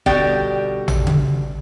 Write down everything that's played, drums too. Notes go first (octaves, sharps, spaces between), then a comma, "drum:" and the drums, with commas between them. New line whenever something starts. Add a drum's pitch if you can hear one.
B2 D3 G3 D5 G5, drum: kick
drum: tom
drum: tom C#3